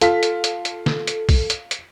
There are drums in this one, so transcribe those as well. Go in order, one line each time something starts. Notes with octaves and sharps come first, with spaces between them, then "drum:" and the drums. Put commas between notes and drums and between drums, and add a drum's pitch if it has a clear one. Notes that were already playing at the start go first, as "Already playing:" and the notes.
F4 A4 B6, drum: hi-hat
drum: hi-hat
drum: hi-hat
drum: hi-hat
drum: snare
drum: hi-hat
drum: kick, open hi-hat
drum: hi-hat
drum: hi-hat